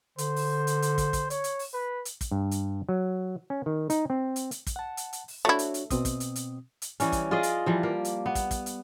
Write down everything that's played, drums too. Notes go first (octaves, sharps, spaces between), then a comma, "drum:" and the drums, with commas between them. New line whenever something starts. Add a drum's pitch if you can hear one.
D3 C5, drum: hi-hat
drum: open hi-hat
drum: hi-hat
drum: hi-hat
drum: kick, hi-hat
drum: kick, hi-hat
C#5, drum: hi-hat
drum: hi-hat
drum: open hi-hat
B4
drum: hi-hat
drum: kick, hi-hat
G2
drum: hi-hat
F#3
C#4
D#3
D#4, drum: hi-hat
C4
drum: hi-hat
drum: hi-hat
drum: kick, hi-hat
F#5 A5
drum: hi-hat
drum: hi-hat
drum: open hi-hat
A3 D4 E4 F#4 C#5
drum: hi-hat
drum: hi-hat
B2 C4 D#6, drum: kick, hi-hat
drum: kick, hi-hat
drum: hi-hat
drum: hi-hat
drum: hi-hat
E3 G3 C#4, drum: hi-hat
drum: kick, hi-hat
F4 G#4 D5 D#5
drum: hi-hat
E3 F3 G3
A#3
drum: hi-hat
B3
drum: kick, hi-hat
drum: kick, hi-hat
drum: hi-hat